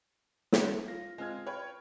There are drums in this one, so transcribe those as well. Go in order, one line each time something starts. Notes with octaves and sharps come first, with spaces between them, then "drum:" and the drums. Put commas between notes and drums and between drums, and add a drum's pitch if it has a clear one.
drum: snare
F4 A#6
G#3 C4 F4 F6 G#6
B4 C#5 G5 B5